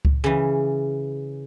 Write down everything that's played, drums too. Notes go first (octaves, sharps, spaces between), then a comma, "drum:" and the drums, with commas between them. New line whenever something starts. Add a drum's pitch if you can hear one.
drum: kick C#2
C#3 E3